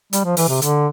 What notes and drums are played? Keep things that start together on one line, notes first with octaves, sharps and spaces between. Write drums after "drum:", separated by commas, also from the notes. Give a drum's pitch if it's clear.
G3, drum: hi-hat
F3
E3, drum: open hi-hat
C3
D3, drum: hi-hat